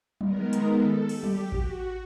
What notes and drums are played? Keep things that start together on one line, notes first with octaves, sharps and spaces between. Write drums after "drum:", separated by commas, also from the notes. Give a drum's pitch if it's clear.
D#3 G#3 B3 A#4, drum: tom F#3
drum: hi-hat
A4
G4, drum: cymbal
drum: tom F#3
F#4, drum: kick A1